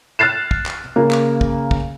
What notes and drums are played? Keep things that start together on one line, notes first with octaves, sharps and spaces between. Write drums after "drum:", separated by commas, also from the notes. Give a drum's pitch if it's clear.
F6 F#6 A6 C7 E7
drum: kick
drum: clap
C#3 A#3
drum: clap
drum: kick
drum: kick